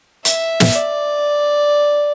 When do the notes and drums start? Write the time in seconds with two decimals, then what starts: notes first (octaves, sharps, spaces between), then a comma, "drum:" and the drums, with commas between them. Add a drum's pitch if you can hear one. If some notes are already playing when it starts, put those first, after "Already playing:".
0.25 E5, drum: hi-hat
0.60 drum: snare
0.75 D5